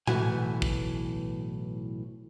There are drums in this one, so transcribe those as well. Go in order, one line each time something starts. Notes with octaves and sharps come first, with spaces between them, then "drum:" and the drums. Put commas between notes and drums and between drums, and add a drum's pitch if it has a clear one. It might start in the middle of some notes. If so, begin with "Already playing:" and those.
B1 A2 E3 F#4 G#5, drum: tom A2
drum: kick